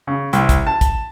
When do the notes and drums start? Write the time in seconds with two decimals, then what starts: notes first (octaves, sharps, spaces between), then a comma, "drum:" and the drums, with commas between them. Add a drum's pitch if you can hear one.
0.07 C#3
0.33 C2, drum: hi-hat
0.49 drum: kick, hi-hat
0.67 A5
0.81 drum: kick, hi-hat